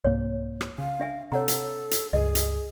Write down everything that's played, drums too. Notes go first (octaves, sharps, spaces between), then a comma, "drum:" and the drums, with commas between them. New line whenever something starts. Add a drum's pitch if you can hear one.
C2 G#2 A#3 C#5
drum: rim click
C#3 F5
D4 E5 G#5
C3 A4 C#5 F#5 A#5
drum: hi-hat
drum: hi-hat
C#2 G2 G#4 D#5
drum: hi-hat